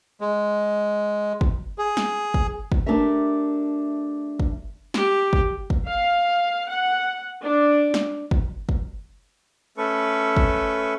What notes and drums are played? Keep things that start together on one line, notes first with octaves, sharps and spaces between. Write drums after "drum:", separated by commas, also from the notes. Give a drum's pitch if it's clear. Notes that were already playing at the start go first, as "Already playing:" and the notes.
G#3
drum: kick
G#4
drum: snare
drum: kick
drum: kick
A3 D4 G4 A#4 E5
drum: kick
G4, drum: snare
drum: kick
drum: kick
F5
F#5
D4
drum: snare
drum: kick
drum: kick
A3 C#4 A4 B4 C#6
drum: kick